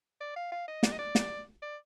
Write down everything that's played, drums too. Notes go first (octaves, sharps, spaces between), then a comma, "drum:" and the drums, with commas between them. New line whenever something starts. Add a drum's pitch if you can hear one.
D5
F5
F5
D#5
D5, drum: snare
D#5
D5
drum: snare
D5